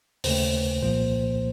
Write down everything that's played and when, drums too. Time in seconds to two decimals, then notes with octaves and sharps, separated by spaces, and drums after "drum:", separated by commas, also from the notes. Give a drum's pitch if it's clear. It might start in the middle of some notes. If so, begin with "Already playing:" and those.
0.24 D#2 C#3 A3 C5, drum: open hi-hat
0.82 C2 A#2 F3 A#3 C5